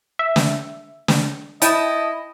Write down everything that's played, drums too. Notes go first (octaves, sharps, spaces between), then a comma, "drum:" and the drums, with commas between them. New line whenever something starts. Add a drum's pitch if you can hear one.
E5
drum: snare
drum: snare
E4 D#5 G5 A5 D#6, drum: hi-hat